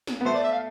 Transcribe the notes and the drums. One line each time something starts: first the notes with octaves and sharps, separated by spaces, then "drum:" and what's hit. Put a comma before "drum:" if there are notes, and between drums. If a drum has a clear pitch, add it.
drum: snare
B3
A3 C5
D5
E5
F5